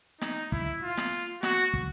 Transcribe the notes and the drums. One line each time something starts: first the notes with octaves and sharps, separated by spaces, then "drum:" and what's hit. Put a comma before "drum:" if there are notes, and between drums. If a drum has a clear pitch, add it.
D#4, drum: snare
E4, drum: kick
F4
drum: snare
F#4, drum: snare
drum: kick